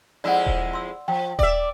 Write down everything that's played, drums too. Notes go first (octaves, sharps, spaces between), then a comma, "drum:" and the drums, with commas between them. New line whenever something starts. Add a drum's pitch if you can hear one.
F2 G#3 E4 D5 F#5
drum: kick D#1
C6 E6
F3 G5
D5 E5, drum: kick D#1